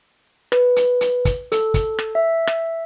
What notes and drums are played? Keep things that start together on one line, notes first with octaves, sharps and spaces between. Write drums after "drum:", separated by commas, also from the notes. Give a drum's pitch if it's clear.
B4, drum: rim click
drum: hi-hat
drum: hi-hat
drum: kick, hi-hat
A4, drum: hi-hat
drum: kick, hi-hat
drum: rim click
E5
drum: rim click